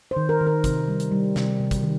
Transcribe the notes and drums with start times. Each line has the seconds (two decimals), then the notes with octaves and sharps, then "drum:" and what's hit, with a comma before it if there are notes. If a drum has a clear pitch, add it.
0.11 C5
0.16 D#3
0.29 A#4
0.41 D#3
0.47 A#4
0.64 C3, drum: kick, hi-hat
0.88 G3
1.00 drum: hi-hat
1.12 G3
1.36 C3, drum: snare
1.59 C3
1.71 drum: kick, hi-hat
1.83 D#3